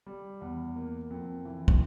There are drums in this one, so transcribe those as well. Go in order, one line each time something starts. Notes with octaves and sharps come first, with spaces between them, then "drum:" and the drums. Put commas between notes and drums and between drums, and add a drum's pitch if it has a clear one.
G3
E2
A#3
F2
E3
drum: kick